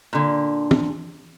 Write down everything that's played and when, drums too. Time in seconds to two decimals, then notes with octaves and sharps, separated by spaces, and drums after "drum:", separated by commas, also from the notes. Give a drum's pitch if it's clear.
0.13 A#2 D3
0.71 drum: tom